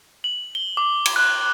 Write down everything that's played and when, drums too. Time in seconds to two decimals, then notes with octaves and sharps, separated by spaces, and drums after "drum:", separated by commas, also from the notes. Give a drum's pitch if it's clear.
0.24 F#7
0.55 G7
0.77 D6
1.05 drum: cymbal
1.16 F#6